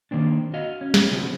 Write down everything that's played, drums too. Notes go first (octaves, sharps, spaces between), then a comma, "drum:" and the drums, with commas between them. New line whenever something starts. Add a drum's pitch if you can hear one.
D#3 A#3 C4 D4
F#4 D#5 F5
C#4
drum: snare
C#3 F3 F#3 B3 C4